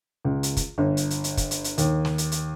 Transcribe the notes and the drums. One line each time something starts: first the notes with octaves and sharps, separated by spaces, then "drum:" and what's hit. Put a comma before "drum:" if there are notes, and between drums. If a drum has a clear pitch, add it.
C#2
drum: hi-hat
drum: kick, hi-hat
G1
drum: hi-hat
drum: hi-hat
drum: hi-hat
drum: kick, hi-hat
drum: hi-hat
drum: hi-hat
D#2, drum: hi-hat
drum: snare
drum: hi-hat
drum: hi-hat